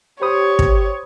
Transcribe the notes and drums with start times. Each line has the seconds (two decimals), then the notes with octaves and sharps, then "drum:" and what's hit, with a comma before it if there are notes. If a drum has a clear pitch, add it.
0.22 G4 C5 C#5 B5 D#6
0.59 drum: kick